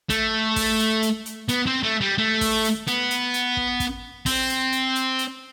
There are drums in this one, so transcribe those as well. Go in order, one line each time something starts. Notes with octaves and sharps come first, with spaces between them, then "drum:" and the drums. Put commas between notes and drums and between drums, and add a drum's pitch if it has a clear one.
A3, drum: kick, hi-hat
drum: kick, open hi-hat
drum: hi-hat
drum: hi-hat
drum: hi-hat
B3, drum: hi-hat
C4
A3
G3
A3
drum: kick, open hi-hat
drum: hi-hat
B3, drum: hi-hat
drum: hi-hat
drum: hi-hat
drum: kick
drum: kick, hi-hat
C4, drum: kick, open hi-hat
drum: hi-hat
drum: hi-hat
drum: hi-hat
drum: hi-hat